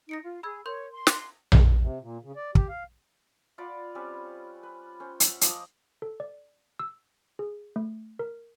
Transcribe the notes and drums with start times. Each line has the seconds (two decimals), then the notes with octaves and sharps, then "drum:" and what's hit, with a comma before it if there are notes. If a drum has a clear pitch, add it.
0.09 D#4 A#6 C#7 D7
0.24 F4
0.43 G#4 B5 E6 G#6
0.66 A#4 C#5 C6 G6
0.92 C6
1.07 D6 F#6, drum: snare
1.52 drum: tom A#1
1.82 C3
2.01 A#2
2.23 C#3
2.36 D5
2.55 G4, drum: kick
2.69 F5
3.58 F4 D5 F#5 B5
3.95 G3 C4 C#4 B4
4.63 B4
5.00 C#4 C5
5.20 E5 F#5, drum: hi-hat
5.41 F3 D#5 D6, drum: hi-hat
6.02 A4
6.20 D5
6.79 E6
7.39 G#4
7.76 A3
8.19 A#4